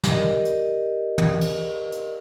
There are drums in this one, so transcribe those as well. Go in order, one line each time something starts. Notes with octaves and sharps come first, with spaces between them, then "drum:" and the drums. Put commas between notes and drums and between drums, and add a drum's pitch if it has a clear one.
G4 A#4 D5 D#5, drum: snare
drum: hi-hat
drum: tom
drum: cymbal
drum: hi-hat